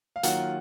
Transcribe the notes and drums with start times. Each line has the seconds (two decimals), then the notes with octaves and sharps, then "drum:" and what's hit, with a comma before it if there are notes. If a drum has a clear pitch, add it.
0.16 F5
0.23 D#3 F#3 A#3 F4 F#5, drum: hi-hat